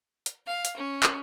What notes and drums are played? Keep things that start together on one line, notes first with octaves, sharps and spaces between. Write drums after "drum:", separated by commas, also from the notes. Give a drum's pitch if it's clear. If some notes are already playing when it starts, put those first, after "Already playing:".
drum: hi-hat
F5
drum: hi-hat
C#4
drum: clap